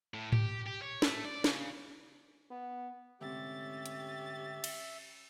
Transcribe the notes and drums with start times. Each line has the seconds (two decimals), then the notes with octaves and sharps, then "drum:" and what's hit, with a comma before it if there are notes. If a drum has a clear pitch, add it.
0.14 A2
0.32 G4, drum: tom G#2
0.66 G4
0.82 C#5
1.02 A3, drum: snare
1.25 D5
1.44 C#3, drum: snare
2.51 B3
3.21 D2 G#2 C3 C#4 G4 E5 A6
3.86 drum: hi-hat
4.64 drum: cymbal